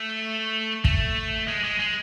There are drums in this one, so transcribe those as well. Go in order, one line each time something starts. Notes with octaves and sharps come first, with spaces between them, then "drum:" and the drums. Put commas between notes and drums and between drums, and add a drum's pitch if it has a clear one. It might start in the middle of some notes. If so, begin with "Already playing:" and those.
Already playing: A3
A3, drum: kick
G#3
G#3
G#3